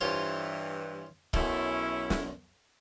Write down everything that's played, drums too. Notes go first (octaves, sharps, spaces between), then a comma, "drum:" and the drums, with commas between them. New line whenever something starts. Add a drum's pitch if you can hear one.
G2 E3 F4 C5 C#5
B1 F#2 A3 C#4 E4, drum: kick
drum: snare